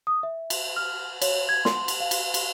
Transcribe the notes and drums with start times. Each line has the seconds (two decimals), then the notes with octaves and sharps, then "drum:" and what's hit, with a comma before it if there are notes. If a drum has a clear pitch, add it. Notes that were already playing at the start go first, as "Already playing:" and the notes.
0.07 D#6
0.23 E5
0.50 drum: cymbal
0.76 F6
1.22 C#5, drum: cymbal
1.49 G#6
1.65 C6, drum: snare
1.88 drum: cymbal
2.00 F5
2.11 drum: cymbal
2.34 drum: cymbal